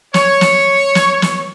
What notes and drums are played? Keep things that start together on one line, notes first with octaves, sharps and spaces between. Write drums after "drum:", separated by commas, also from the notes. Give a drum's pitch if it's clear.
C#5, drum: snare
drum: snare
drum: snare
drum: snare